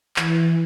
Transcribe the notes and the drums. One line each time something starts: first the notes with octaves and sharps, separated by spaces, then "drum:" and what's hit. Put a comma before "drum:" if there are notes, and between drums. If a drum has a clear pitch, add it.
E3, drum: clap